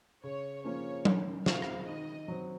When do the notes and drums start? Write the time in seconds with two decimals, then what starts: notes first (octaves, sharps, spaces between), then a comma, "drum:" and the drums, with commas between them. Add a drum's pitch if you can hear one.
0.24 C#3 C#5
0.64 F3 A#3 C#4 C#5
1.05 D#3, drum: tom F#3
1.46 G#3 C4 F4 F5, drum: snare
1.62 drum: rim click
1.88 D#3 D#5
2.28 F#3 C4